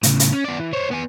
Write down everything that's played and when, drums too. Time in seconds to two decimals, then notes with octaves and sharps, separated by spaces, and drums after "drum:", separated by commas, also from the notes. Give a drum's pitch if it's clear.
0.03 A2 C#3, drum: hi-hat
0.20 drum: hi-hat
0.32 C#4
0.45 B3 D5
0.60 E3
0.73 C5 C#5
0.91 B3 G#5